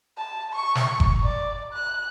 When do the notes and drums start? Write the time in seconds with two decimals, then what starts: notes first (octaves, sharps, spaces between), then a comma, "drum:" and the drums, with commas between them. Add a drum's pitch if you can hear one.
0.18 A5
0.55 C#6
0.75 drum: snare
1.00 drum: kick F#1
1.23 D5
1.73 F#6